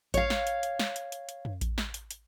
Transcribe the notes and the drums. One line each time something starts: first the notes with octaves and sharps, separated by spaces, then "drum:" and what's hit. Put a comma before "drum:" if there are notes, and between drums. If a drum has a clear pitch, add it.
C#5 F5, drum: kick A1, hi-hat
drum: snare
drum: hi-hat
drum: hi-hat
drum: snare
drum: hi-hat
drum: hi-hat
drum: hi-hat
drum: tom
drum: kick A1, hi-hat
drum: snare
drum: hi-hat
drum: hi-hat